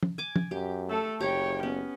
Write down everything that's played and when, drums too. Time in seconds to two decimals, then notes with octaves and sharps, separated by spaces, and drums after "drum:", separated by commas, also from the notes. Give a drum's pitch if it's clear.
0.03 drum: tom
0.18 G#5 D6
0.36 drum: tom
0.51 F#2 G4
0.89 A3 A4
1.21 F#1 G4 C#5 G5 A#5
1.63 B3 C#4